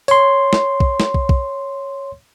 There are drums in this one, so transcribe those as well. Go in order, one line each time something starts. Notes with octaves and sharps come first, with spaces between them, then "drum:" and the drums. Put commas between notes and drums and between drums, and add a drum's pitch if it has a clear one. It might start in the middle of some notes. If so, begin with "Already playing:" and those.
C#5 C6, drum: open hi-hat
drum: snare
drum: kick
drum: snare
drum: kick
drum: kick